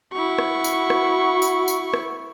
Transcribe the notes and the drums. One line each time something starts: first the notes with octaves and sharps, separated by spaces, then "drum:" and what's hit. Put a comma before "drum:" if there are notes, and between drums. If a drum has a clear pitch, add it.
E4 F#4 C#6
drum: rim click
drum: tambourine
drum: rim click
drum: tambourine
drum: tambourine
drum: rim click